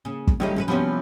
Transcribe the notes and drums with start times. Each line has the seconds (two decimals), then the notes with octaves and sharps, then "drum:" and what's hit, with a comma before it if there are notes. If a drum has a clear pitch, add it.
0.05 C#3 A#3 C#4
0.27 drum: kick
0.40 C#2 D#3 F#3 G3 A3 C#4 D#4
0.56 F#2 F3 C#4 A4 B4
0.68 C3 F3 B3 C#4 D4 F4 F#4 B5
0.79 G3